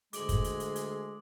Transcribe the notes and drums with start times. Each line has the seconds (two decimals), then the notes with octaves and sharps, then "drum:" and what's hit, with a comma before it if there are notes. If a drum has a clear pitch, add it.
0.13 D2 G#3 G#4 D6 D7 F#7, drum: hi-hat
0.29 drum: kick, hi-hat
0.44 drum: hi-hat
0.60 drum: hi-hat
0.76 drum: hi-hat